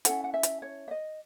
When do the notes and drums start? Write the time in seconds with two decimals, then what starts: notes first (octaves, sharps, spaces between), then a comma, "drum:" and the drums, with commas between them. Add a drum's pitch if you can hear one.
0.05 C#4 E4 A4 F#5, drum: hi-hat
0.24 F#5
0.34 E5
0.43 drum: hi-hat
0.62 C#5
0.88 E5
0.91 D#5